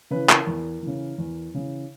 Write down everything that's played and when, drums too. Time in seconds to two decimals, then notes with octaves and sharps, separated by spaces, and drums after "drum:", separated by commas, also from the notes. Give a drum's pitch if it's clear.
0.11 C#3 E3 B4
0.29 A#4, drum: clap
0.47 E2
0.82 C#3 E3
1.18 E2
1.54 C#3 E3